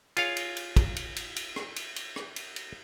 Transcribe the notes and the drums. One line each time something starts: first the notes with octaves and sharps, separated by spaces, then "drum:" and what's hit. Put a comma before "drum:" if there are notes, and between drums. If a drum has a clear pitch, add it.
F4 G#4 C#5 F5, drum: cymbal
drum: cymbal
drum: cymbal
drum: kick, cymbal
drum: cymbal
drum: cymbal
drum: cymbal
drum: rim click
drum: cymbal
drum: cymbal
drum: rim click
drum: cymbal
drum: cymbal